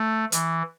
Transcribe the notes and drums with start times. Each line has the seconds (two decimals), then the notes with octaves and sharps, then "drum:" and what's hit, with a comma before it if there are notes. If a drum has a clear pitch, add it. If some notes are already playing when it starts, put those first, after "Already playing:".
Already playing: A3
0.32 E3, drum: hi-hat